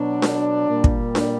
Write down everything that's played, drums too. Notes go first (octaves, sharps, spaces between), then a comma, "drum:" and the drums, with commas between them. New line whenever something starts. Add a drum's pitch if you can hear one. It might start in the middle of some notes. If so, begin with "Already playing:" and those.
Already playing: B2 F#3 D4
drum: snare D4
A#2 G3
drum: kick
drum: snare D4